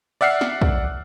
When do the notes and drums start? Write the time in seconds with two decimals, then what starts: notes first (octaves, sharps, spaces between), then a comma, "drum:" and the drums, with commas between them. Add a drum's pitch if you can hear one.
0.21 D5 E5 F#5 F6 C7
0.41 drum: snare
0.62 drum: kick